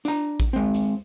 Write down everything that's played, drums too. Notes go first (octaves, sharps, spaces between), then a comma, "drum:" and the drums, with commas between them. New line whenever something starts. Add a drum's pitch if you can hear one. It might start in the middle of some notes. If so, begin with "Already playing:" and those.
D4 A#5, drum: hi-hat
drum: kick A1, hi-hat
G#3 C4
drum: hi-hat